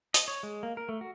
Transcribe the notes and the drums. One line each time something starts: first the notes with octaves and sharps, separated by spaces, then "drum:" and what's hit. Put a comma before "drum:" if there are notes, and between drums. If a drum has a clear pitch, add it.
D#5, drum: hi-hat
C#5
G#3
A#3
A#4
A3
F#4